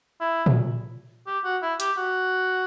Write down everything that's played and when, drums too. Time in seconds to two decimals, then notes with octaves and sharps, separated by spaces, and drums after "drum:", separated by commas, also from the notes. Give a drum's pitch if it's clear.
0.21 E4
0.46 drum: tom A#2
1.27 G4
1.44 F#4
1.62 E4
1.80 G4, drum: hi-hat
1.97 F#4